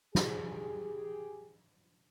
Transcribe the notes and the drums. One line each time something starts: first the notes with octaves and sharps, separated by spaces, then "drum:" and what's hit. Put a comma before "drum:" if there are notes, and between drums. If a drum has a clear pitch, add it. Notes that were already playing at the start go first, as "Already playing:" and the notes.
G4 G#4, drum: snare